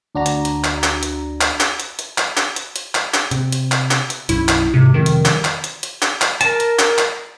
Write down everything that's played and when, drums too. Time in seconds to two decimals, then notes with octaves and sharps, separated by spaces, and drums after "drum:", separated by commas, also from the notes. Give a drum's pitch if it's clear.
0.15 D2 D4 F#4 A#5
0.26 drum: hi-hat
0.45 drum: hi-hat
0.64 drum: clap
0.83 drum: clap
1.03 drum: hi-hat
1.41 drum: clap
1.60 drum: clap
1.80 drum: hi-hat
1.99 drum: hi-hat
2.18 drum: clap
2.37 drum: clap
2.56 drum: hi-hat
2.76 drum: hi-hat
2.95 drum: clap
3.14 drum: clap
3.31 C3, drum: hi-hat
3.52 drum: hi-hat
3.72 drum: clap
3.91 drum: clap
4.10 drum: hi-hat
4.29 B1 F#2 E4, drum: hi-hat
4.49 drum: clap
4.74 G#2 C3
4.94 F2 C3 D#3 G3
5.06 drum: hi-hat
5.25 drum: clap
5.45 drum: clap
5.64 drum: hi-hat
5.83 drum: hi-hat
6.02 drum: clap
6.21 drum: clap
6.41 A#4 A5, drum: hi-hat
6.60 drum: hi-hat
6.79 drum: clap
6.98 drum: clap